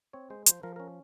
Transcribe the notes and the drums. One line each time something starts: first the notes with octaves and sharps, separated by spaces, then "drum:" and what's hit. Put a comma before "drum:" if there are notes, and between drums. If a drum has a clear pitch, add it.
C4 C#5
G#3 C5
F3 C5, drum: hi-hat
F3 A#4
C#4 A#4